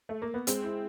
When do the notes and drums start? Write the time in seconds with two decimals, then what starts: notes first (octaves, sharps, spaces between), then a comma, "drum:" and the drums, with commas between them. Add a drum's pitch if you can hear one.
0.09 A3
0.22 A#3
0.34 B3
0.47 G#3 C4, drum: hi-hat
0.64 E4